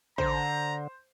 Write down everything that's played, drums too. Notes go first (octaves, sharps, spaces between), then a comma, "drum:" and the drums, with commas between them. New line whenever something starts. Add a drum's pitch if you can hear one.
D3 C5 A#5, drum: kick A1